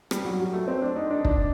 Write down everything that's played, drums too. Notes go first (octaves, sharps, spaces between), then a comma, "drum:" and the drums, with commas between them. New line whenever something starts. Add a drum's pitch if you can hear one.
G3, drum: rim click
F#3
F#3
A3
C4
D4
D#4
D4
D4, drum: kick